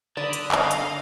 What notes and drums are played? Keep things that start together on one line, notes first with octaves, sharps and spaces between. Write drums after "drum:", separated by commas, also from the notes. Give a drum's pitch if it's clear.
D3 D5 B5 D#6
drum: hi-hat
D#5 F5, drum: clap
drum: hi-hat